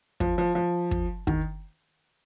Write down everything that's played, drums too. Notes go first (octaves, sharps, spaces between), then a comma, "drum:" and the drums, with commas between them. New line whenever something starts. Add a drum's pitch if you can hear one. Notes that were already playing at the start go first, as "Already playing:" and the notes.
F3, drum: kick
F3
F3
drum: kick
D#3, drum: kick